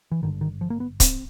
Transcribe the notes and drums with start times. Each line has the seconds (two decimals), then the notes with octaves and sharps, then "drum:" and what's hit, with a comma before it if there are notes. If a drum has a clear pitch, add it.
0.12 E3
0.21 G#1 G2 D3 D#3
0.41 D#3
0.61 F3
0.70 A#3
0.80 B3
1.00 C4, drum: kick C#1, hi-hat